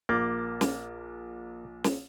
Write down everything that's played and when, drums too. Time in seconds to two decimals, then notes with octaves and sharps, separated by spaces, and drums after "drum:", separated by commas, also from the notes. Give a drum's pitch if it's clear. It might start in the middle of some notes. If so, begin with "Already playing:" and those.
0.09 A#1 A#3 D6 A6
0.61 drum: snare
1.84 drum: snare